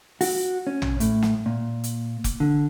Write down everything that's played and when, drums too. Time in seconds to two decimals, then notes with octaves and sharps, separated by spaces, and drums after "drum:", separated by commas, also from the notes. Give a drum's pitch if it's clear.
0.21 F#4, drum: open hi-hat
0.67 C#4
0.82 drum: tom
1.00 A2, drum: hi-hat
1.22 drum: snare
1.46 A#2
1.84 drum: hi-hat
2.24 drum: kick F1, hi-hat
2.40 D3